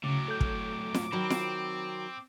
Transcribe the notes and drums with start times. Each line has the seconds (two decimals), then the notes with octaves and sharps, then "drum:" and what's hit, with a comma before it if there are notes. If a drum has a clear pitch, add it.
0.04 A2 C#3 F#3 D6
0.28 A4 G6
0.41 drum: kick
0.94 drum: snare
1.12 D#3 F#3 C4 B5
1.30 drum: snare